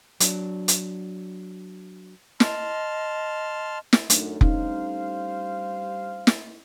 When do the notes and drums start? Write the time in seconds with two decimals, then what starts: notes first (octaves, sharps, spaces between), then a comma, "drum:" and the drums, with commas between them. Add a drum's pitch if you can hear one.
0.20 F#3 D4, drum: hi-hat
0.68 drum: hi-hat
2.40 D#5 A5 C6 F6, drum: snare
3.93 drum: snare
4.10 F#2 A3 D4 D#4, drum: hi-hat
4.41 G3 C#4 D#4 C5 F5, drum: kick F1
6.27 drum: snare